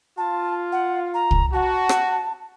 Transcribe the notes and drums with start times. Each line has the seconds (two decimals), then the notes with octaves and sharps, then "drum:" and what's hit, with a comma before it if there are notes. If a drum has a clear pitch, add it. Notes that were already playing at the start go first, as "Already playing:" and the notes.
0.18 F4 A5
0.72 F#5
1.14 A#5
1.31 drum: kick C2
1.53 F#4 A5
1.89 drum: rim click